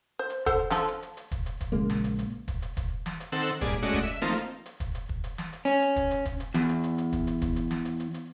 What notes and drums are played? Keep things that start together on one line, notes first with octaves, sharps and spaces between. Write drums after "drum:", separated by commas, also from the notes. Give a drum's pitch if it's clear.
C5
drum: hi-hat
A4 C5 F#5, drum: kick, hi-hat
D3 F3 A4, drum: snare
drum: hi-hat
drum: hi-hat
drum: hi-hat
drum: kick, hi-hat
drum: hi-hat
drum: kick, hi-hat
A#1 C#3 G#3 A#3
drum: snare
drum: hi-hat
drum: hi-hat
drum: kick, hi-hat
drum: hi-hat
drum: kick, hi-hat
drum: snare
drum: hi-hat
D#3 C4 A4 F#5 E6, drum: hi-hat
drum: hi-hat
G2 A#2 G#4 D5, drum: kick, hi-hat
G#3 A3 C#4 F#4 D5 D#5
drum: kick, hi-hat
E5
F3 A3 A#3 C4 D#4 F4, drum: snare
drum: hi-hat
drum: hi-hat
drum: kick, hi-hat
drum: hi-hat
drum: kick
drum: hi-hat
drum: snare
drum: hi-hat
C#4
drum: hi-hat
drum: kick, hi-hat
drum: hi-hat
drum: kick, hi-hat
drum: hi-hat
E2, drum: snare
drum: hi-hat
drum: hi-hat
drum: hi-hat
drum: kick, hi-hat
drum: hi-hat
drum: kick, hi-hat
drum: hi-hat
drum: snare
drum: hi-hat
drum: hi-hat
drum: hi-hat